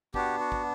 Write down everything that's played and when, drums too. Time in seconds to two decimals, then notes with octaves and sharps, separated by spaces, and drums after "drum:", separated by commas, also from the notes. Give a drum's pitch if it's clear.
0.14 B3 D4 F#4 G4, drum: kick
0.40 F#4
0.52 drum: kick